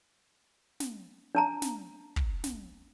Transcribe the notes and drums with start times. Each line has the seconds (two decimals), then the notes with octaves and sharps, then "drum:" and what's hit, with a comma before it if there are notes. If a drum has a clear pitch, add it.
0.80 drum: snare
1.35 D4 A5 A#5
1.62 drum: snare
2.16 drum: kick
2.44 drum: snare